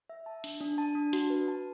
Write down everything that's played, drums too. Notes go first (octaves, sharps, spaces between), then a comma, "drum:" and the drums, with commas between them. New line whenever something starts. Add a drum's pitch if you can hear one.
E5
A5
D4, drum: open hi-hat
D4
A5
D4
F#4, drum: hi-hat
B4
A5